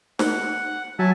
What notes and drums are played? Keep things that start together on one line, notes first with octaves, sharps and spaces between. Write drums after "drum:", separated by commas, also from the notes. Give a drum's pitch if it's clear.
F#5, drum: snare
F#3 E5 G#5 A5